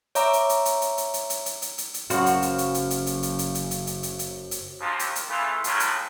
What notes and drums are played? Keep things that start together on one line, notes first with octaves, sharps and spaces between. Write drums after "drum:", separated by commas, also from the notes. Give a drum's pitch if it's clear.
C#5 E5 A#5 D6, drum: hi-hat
drum: hi-hat
drum: hi-hat
drum: hi-hat
drum: hi-hat
drum: hi-hat
drum: hi-hat
drum: hi-hat
drum: hi-hat
drum: hi-hat
drum: hi-hat
drum: hi-hat
F#1 F#2 C#3 F#4 C5 F5, drum: hi-hat
drum: hi-hat
drum: hi-hat
drum: hi-hat
drum: hi-hat
drum: hi-hat
drum: hi-hat
drum: hi-hat
drum: hi-hat
drum: hi-hat
drum: hi-hat
drum: hi-hat
drum: hi-hat
drum: hi-hat
drum: hi-hat
D#2 F3
drum: hi-hat
drum: hi-hat
C#3 E3 A3 F4
A2 C#3 F3 F#3, drum: hi-hat
drum: hi-hat